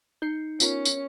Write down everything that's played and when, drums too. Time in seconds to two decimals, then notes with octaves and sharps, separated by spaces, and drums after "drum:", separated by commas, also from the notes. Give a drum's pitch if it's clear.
0.22 D#4 G6 C7 C#7
0.60 B3 C#4 F4 A#4, drum: tambourine
0.85 drum: tambourine